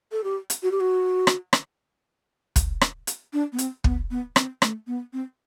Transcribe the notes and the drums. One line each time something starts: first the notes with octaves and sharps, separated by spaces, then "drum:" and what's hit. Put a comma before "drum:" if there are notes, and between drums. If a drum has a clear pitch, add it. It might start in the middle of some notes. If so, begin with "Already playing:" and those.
A4
G4
drum: hi-hat
F#4
G4
F#4
drum: rim click
drum: rim click
drum: kick, hi-hat
drum: rim click
drum: hi-hat
D4
B3
C4, drum: hi-hat
B3, drum: kick
B3
C4, drum: rim click
A3, drum: rim click
B3
C4